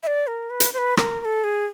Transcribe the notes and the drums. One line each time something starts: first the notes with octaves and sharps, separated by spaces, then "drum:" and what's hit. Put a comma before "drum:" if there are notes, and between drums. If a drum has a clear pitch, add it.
E5
D5
A#4
B4
drum: hi-hat
C5
B4
A#4, drum: rim click
A#4
A4
G#4